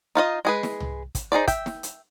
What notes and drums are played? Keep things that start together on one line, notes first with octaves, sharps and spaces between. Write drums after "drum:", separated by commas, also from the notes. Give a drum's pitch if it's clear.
D#4 F4 F#4 D#5
G#3 G#4 B4
drum: snare
drum: tom
drum: kick, hi-hat
D#4 G#4 C5 D5
E5 G5, drum: kick, hi-hat
drum: snare
drum: hi-hat